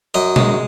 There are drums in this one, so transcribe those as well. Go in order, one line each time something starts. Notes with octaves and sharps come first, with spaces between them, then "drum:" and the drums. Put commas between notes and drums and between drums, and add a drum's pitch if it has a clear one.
F#2 D#5
G#3, drum: tom